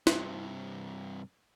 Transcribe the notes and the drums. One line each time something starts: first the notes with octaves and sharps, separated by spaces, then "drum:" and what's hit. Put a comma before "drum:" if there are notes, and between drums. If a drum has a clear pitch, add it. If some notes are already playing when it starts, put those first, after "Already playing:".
G2 C3, drum: snare